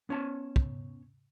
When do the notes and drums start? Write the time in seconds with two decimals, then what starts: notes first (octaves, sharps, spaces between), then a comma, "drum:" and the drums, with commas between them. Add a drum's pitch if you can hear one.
0.09 B3 C#4 C#5 A5
0.56 drum: kick